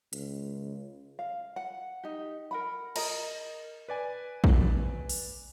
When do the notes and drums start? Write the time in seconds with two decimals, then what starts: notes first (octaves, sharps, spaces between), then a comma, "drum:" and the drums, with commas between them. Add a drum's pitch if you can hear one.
0.13 C#2, drum: hi-hat
1.19 F5
1.56 F#5
2.03 D#4 G4
2.51 A#4 F#5 B5
2.96 G#4 A#4 D#5 A#5, drum: cymbal
3.89 B4 D5 G#5
4.44 drum: kick
5.09 drum: open hi-hat